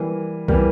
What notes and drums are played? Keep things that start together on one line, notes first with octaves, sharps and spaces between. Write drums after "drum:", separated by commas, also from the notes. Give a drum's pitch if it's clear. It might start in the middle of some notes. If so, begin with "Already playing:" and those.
Already playing: E3 G3 A#3
E3 G3 A#3, drum: kick C2